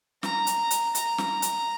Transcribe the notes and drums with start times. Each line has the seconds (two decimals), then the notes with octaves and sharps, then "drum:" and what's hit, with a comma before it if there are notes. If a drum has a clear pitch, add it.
0.23 A#5, drum: snare
0.47 drum: hi-hat
0.71 drum: hi-hat
0.95 A#5, drum: hi-hat
1.18 drum: snare
1.42 drum: hi-hat